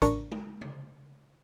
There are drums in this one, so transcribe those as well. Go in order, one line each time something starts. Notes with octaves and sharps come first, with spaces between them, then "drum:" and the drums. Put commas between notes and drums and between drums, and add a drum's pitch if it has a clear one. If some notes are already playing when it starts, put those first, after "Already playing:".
A1 D4 A#4 C#6, drum: kick, hi-hat
drum: tom G#3
drum: tom C3